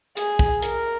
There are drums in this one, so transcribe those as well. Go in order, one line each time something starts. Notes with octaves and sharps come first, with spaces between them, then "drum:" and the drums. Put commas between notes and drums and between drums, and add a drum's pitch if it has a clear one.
G#4, drum: hi-hat
drum: kick
A#4, drum: hi-hat